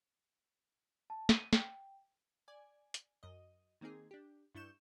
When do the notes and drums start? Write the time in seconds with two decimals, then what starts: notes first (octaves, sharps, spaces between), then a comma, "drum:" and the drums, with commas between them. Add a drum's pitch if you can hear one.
1.10 A5
1.29 D#7, drum: snare
1.53 G5, drum: snare
2.48 D5 G#5
2.94 drum: hi-hat
3.23 F#2 D#5
3.81 D#3 A#3 C4 D#4 G#4
4.11 D4 G4
4.55 G2 D4 E4 C#6 G6 E7